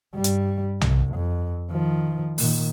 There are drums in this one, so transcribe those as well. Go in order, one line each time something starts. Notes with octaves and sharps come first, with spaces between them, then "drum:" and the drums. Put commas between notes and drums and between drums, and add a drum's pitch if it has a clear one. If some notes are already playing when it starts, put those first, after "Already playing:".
G2 G3
drum: hi-hat
C2, drum: tom B1
F2
D#3 F3
A#2 D#3, drum: open hi-hat